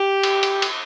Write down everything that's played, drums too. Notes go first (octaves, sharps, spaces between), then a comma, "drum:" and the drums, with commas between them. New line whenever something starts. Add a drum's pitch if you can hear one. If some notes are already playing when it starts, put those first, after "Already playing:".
Already playing: G4
drum: cymbal
drum: cymbal
drum: cymbal